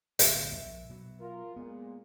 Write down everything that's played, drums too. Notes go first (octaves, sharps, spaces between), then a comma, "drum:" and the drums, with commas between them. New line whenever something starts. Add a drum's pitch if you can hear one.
D1 B1 E5, drum: hi-hat
A#1
B2 F#3
F4 A#4
A#2 G#3 B3